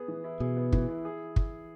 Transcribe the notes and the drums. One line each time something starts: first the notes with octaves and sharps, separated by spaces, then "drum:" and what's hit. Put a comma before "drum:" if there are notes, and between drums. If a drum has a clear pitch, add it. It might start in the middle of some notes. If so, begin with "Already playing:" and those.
Already playing: B3 G#4
E3
E4
B2 G#4
B3
E3, drum: kick
E4
G#4
drum: kick